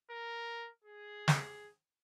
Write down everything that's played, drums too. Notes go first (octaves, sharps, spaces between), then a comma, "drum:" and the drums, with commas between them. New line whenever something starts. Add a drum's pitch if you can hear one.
A#4
G#4
drum: snare